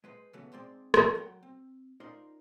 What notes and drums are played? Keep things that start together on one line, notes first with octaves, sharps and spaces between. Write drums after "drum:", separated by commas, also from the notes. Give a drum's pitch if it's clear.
G#3 B4 C5
C#3 E3 F#3 A3 B3 C#4
G#2 G#3 C4 D5
drum: rim click
F#3 F#5 G5
C4
C#4 D#4 F4 A#4 C5 D5